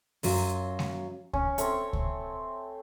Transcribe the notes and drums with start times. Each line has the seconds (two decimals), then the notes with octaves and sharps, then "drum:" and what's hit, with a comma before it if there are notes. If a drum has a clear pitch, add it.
0.23 F#2 F#3 F4, drum: open hi-hat
0.79 drum: snare G#3
1.33 C#4, drum: kick C#2
1.58 A3 C4 C#5, drum: hi-hat
1.93 drum: kick C#2